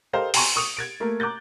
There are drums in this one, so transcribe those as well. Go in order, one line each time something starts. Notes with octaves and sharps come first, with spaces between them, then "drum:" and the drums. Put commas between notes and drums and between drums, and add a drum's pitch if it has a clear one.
G4 A4 A#4 C5 D#5 F5
G5 G#5 A#5 C6 C#6, drum: open hi-hat
C#6 D#6 C#7 F7
G#6 A6 D7
A3 A#3 A#4
A#5 D6 F#6 G6 A6